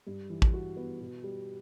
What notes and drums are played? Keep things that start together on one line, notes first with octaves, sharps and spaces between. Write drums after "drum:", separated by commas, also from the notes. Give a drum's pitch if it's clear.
G2
E3
drum: kick
F#4
B3
B2
G3